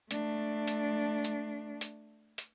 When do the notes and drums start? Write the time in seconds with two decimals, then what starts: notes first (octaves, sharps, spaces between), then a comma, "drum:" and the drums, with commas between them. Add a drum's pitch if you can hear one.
0.11 A3 D4, drum: hi-hat
0.68 drum: hi-hat
1.24 drum: hi-hat
1.81 drum: hi-hat
2.38 drum: hi-hat